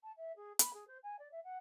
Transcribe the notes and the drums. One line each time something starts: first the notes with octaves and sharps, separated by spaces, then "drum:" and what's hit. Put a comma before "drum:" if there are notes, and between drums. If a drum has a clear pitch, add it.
A5
E5
G#4
B5, drum: hi-hat
G#4
C5
G#5
D5
E5
F#5